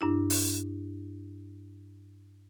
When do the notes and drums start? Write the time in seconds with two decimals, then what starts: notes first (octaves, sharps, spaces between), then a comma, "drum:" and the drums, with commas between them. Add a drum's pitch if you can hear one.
0.01 G2 D4 E4
0.30 drum: open hi-hat